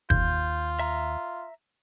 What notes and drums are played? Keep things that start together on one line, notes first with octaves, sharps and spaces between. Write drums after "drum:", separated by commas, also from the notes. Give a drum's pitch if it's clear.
D#2 F4 G6, drum: kick F#1
E5 A#5